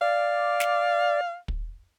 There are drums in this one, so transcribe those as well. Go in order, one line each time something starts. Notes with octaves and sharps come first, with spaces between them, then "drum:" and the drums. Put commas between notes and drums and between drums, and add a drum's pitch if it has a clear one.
D5 F5
drum: snare
drum: kick